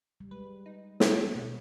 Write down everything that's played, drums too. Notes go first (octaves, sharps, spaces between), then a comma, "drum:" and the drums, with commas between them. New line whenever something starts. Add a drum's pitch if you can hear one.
G3
G#3 B4
D#4
B3, drum: snare
B2